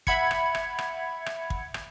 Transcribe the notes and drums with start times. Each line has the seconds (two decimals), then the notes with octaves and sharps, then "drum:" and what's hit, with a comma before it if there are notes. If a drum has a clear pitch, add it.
0.07 E5 F#5 B5 G#6 C#7, drum: kick
0.31 drum: rim click
0.55 drum: rim click
0.78 drum: rim click
1.26 drum: rim click
1.50 drum: kick
1.74 drum: rim click